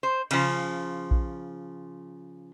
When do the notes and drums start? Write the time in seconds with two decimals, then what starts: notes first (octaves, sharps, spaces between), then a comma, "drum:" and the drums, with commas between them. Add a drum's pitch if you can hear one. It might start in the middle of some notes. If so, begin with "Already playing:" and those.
0.03 C5
0.31 C#3 F3, drum: cymbal
1.11 drum: kick A#1